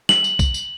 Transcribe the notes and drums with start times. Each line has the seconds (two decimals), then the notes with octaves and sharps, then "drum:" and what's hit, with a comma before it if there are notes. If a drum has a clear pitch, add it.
0.09 F#7, drum: snare
0.24 drum: tambourine
0.39 drum: kick B1, tambourine
0.54 drum: tambourine